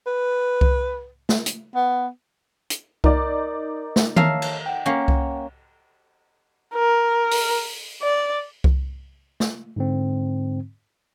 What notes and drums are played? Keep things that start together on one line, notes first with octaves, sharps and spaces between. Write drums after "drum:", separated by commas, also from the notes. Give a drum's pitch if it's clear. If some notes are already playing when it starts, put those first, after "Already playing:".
B4
drum: kick C2
drum: snare
drum: hi-hat
B3
drum: hi-hat
D#4 A#4 D5 A#5, drum: kick C2
drum: snare
A#4 C#5 E5 F5 A5, drum: tom D#3
drum: cymbal
F#5 G5
A#3 C#4
drum: kick C2
A#4
drum: open hi-hat
D5
drum: kick C2
drum: snare
G#2 D3 C4